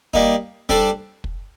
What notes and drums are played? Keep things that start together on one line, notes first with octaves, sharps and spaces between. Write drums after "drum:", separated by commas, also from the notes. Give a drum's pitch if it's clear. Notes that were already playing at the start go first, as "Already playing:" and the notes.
G3 A#3 D#4, drum: kick
G3 D4 A4 C5, drum: kick
drum: kick